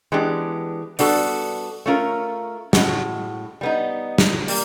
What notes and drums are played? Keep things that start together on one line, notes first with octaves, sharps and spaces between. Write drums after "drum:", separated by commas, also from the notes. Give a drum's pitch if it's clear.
E3 G#3 B3 D4 G4
G3 B3 D4 F#4 A4, drum: open hi-hat
A3 C#4 F4 A#4
A2 E3 G#3 C#4 F#4, drum: snare
G3 B3 D#4
drum: snare
G3 A#3, drum: open hi-hat